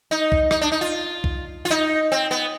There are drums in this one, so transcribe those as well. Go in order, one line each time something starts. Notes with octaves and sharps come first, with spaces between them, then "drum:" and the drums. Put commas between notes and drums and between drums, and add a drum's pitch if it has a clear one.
D#4
drum: kick
D#4, drum: rim click
D4
D#4
F4
drum: kick
F4
D#4
C4
B3